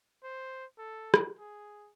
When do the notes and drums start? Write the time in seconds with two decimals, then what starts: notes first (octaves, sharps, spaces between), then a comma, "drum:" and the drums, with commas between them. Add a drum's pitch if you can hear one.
0.23 C5
0.78 A4
1.14 drum: rim click
1.39 G#4